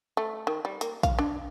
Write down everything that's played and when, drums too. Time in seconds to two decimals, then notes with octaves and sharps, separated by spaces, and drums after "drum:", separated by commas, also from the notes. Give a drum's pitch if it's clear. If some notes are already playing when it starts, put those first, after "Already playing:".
0.17 A3
0.47 D#3
0.65 G3
0.81 A#3, drum: hi-hat
1.03 F5, drum: kick A#1, hi-hat
1.19 D4